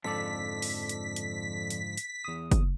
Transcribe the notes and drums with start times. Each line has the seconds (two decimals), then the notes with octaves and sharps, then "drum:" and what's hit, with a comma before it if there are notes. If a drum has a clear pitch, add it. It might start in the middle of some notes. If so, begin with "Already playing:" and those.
0.04 F2 G#2 D3 F3 A4 D5 B6
0.62 drum: open hi-hat
0.89 drum: hi-hat
1.16 drum: hi-hat
1.70 drum: hi-hat
1.97 drum: hi-hat
2.24 E2 D#6
2.52 drum: kick F#1, hi-hat